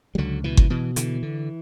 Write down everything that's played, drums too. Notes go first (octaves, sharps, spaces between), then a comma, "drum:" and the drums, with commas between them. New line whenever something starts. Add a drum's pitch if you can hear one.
G3
C#2 D3 F#3
B2 E3
drum: kick G1
B2 E3
D3 E3, drum: hi-hat
D3